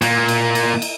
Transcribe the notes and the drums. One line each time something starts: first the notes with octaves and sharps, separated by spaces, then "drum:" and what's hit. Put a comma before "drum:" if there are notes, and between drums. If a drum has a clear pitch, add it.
A#2 A#3, drum: cymbal
drum: cymbal
drum: cymbal
drum: cymbal